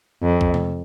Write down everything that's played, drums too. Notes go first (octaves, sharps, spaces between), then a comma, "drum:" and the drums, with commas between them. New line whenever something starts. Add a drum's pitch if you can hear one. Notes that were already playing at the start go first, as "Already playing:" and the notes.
F2
drum: kick
drum: tom C3